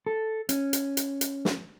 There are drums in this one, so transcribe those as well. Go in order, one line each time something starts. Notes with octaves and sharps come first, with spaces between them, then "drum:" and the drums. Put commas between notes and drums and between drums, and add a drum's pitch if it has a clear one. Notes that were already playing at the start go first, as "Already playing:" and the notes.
A4
C#4, drum: hi-hat
drum: hi-hat
drum: hi-hat
drum: hi-hat
drum: snare